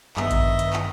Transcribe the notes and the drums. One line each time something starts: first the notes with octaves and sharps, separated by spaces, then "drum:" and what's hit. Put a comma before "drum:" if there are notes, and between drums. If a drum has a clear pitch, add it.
G2 D#3 B3 B4 D#5 E5, drum: clap
drum: kick A1, hi-hat
drum: hi-hat
drum: clap